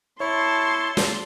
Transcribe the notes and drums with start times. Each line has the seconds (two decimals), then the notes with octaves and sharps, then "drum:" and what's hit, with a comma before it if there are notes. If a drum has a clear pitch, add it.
0.20 E4 C#5 A5 C6 C#6
0.97 drum: snare